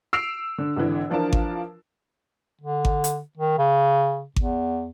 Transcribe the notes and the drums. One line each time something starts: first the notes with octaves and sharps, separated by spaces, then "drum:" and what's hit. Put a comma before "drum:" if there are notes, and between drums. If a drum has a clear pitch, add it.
E6 C7 D7 F7
D3
G#1 D3 E3
E3 F3 D4 F4 A#4 A5
drum: kick G#1
D3
drum: kick G#1
drum: hi-hat
D#3
C#3
E2, drum: kick G#1